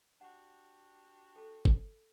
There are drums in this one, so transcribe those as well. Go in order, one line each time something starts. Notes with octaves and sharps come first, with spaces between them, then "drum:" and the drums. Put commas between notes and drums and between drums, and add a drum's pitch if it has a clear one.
D4 F#4 G4 F#5
A4 A5
drum: kick G1